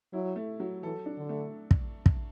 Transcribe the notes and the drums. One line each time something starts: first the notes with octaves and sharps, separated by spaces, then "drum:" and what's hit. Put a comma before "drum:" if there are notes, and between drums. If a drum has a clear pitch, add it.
F#3 E4
A3
F#3
E3 A4
D4
D3
A3
drum: kick
drum: kick